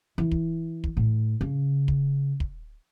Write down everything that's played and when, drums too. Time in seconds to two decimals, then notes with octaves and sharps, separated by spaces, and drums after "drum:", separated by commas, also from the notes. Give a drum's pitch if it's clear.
0.18 E3
0.31 drum: kick
0.84 drum: kick
0.97 A2
1.41 C#3
1.88 drum: kick
2.40 drum: kick